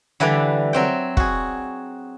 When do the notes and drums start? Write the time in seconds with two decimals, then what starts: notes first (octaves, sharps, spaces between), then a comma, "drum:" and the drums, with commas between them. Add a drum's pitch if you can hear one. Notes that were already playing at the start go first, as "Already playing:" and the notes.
0.20 D3 E3 G3 B4 D5
0.73 F#3 C4 G5
1.17 F#4 G#4, drum: kick